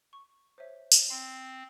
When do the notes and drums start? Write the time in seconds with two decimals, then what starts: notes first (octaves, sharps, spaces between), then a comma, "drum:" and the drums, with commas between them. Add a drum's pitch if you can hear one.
0.13 C#6
0.58 C5 C#5 E5
0.92 drum: tambourine
1.10 C4 C6 C7